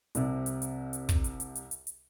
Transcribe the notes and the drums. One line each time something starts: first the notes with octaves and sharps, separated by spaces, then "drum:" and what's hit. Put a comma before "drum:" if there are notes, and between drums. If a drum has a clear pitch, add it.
C2 C3, drum: hi-hat
drum: hi-hat
drum: hi-hat
drum: hi-hat
drum: kick, hi-hat
drum: hi-hat
drum: hi-hat
drum: hi-hat
drum: hi-hat
drum: hi-hat